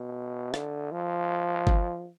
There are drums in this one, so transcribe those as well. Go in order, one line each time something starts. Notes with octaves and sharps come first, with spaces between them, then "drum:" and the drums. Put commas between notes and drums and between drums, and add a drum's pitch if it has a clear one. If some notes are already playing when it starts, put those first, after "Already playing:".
Already playing: B2
D3, drum: rim click
F3
drum: kick G1